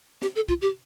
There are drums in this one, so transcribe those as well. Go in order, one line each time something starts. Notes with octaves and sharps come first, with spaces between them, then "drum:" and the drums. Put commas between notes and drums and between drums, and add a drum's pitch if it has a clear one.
G4, drum: snare
A4
F4, drum: kick
G4